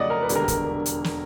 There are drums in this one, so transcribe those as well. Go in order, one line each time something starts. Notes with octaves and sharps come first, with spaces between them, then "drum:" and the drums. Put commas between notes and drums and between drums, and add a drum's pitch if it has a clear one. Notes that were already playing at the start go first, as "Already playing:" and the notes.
Already playing: F2 C#3 F#3 A3 D5 D#5 F#5
A#4
B4
E1 D#2 D3 G3, drum: hi-hat
A#4
drum: kick, hi-hat
drum: hi-hat
drum: snare